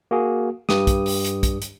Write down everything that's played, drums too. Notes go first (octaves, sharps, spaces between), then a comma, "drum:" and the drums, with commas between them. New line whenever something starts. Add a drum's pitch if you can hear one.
A#3 F#4 G#4
G2 G4 D#6, drum: snare
drum: kick, hi-hat
drum: open hi-hat
drum: hi-hat
drum: kick, hi-hat
drum: hi-hat